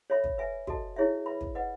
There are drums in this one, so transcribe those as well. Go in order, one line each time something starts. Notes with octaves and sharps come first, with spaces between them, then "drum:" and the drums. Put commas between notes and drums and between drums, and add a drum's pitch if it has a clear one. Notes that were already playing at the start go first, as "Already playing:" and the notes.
A4 C#5 E5 B5
drum: kick
B4 E5 G#5
F#4 A4 D#5 A5, drum: kick
E4 G#4 C#5 E5
B4 E5 B5
drum: kick
B4 D#5 F#5